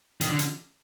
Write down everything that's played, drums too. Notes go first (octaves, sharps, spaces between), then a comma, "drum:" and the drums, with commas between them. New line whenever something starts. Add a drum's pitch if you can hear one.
D#3, drum: hi-hat
D3
drum: hi-hat